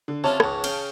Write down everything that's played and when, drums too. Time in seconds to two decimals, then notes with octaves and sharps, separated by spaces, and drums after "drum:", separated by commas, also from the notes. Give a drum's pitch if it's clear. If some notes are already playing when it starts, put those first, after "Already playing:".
0.08 D3
0.24 C3 C#4 F4 C#5 A5
0.40 C#2 G#2, drum: rim click
0.64 C#3 F5 G5, drum: cymbal